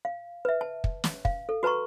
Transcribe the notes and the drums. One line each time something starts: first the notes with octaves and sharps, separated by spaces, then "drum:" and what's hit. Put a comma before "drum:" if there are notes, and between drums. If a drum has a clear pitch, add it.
F5
B4 E5
A5
drum: kick
drum: snare
F5, drum: kick
A4
F#4 B4 A5 A#5 C#6